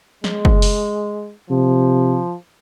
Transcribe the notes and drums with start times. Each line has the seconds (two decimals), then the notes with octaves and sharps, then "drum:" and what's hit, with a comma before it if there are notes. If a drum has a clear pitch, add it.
0.24 G#3, drum: snare
0.45 drum: kick
0.62 drum: open hi-hat
1.50 C3 F3